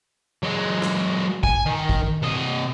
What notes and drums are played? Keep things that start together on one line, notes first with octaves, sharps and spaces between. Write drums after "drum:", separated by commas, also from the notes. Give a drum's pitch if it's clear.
F#3 G#3
drum: rim click
G#5, drum: kick
D#3
drum: kick
C3 D#5